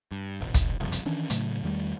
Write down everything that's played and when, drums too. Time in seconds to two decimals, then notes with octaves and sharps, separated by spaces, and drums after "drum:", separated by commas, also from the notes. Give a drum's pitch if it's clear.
0.12 G2
0.41 E1 A1
0.54 drum: kick, hi-hat
0.80 F#1 C2 F2
0.92 drum: hi-hat
1.06 D#3 E3 C#4 D4
1.30 A2 C#3 F#3 A3, drum: hi-hat
1.64 E2 D#3 G3 A3